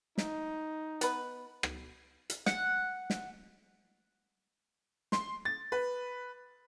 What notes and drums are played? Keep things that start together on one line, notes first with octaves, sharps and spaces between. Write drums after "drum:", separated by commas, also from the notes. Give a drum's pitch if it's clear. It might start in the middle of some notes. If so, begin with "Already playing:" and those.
D#4, drum: snare
B3 B4, drum: hi-hat
drum: rim click
drum: hi-hat
F#5, drum: snare
drum: snare
C6, drum: snare
A6
B4